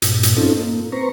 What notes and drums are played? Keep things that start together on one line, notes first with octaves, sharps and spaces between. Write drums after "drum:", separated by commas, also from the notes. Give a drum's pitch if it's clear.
G2 A#2, drum: hi-hat
drum: hi-hat
C4 C#4 D#4 F4 A4
A#3
C4 B4 C5 A#5 C#6